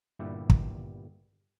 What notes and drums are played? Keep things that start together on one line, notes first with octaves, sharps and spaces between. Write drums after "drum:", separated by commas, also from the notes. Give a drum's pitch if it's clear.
G1 G2 A#2 G3 E4 G4
drum: kick